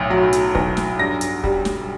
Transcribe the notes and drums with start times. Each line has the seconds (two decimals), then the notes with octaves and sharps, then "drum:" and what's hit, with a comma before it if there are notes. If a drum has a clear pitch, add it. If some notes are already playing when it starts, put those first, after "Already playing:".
Already playing: B1 A2
0.10 F#3
0.33 drum: hi-hat
0.55 B1, drum: kick
0.77 drum: snare
0.99 G2 A#6
1.21 drum: hi-hat
1.44 G3, drum: kick
1.65 drum: snare